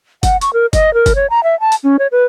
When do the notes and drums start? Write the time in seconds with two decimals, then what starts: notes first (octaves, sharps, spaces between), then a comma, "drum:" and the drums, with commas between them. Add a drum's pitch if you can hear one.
0.23 F#5, drum: kick F#1, hi-hat
0.41 C#6, drum: hi-hat
0.53 A#4
0.73 D#5, drum: kick F#1, hi-hat
0.94 A#4
1.06 drum: kick F#1, hi-hat
1.15 C#5
1.30 A#5
1.43 E5
1.60 A5
1.72 drum: hi-hat
1.83 C#4
1.99 C#5
2.12 B4